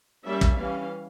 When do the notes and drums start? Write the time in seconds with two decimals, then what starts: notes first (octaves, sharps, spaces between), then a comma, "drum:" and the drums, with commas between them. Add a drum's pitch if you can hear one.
0.24 G3 A#3 C#4 E5
0.41 drum: kick
0.58 E3 G3 C#4 F5